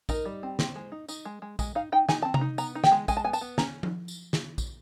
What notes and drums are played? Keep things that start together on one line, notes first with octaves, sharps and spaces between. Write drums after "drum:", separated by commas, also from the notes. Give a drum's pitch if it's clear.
D#4 A#4, drum: kick A#1, tambourine
G3
C4
C4 C5, drum: snare
G#3
D#4
D#4, drum: tambourine
G#3
G#3
G#3, drum: kick A#1, tambourine
D#4 F5
D#4 G5
D#4 G#5, drum: snare
C4 A5
A#5, drum: tom C3
D#4
B3 A#5, drum: tambourine
D#4
G5, drum: snare
G#3
G#3 G#5, drum: kick A#1, tambourine
A5
B3 G#5
A5, drum: tambourine
B3
C#4 A#5, drum: snare
drum: tom F3
drum: tambourine
drum: snare
drum: kick A#1, tambourine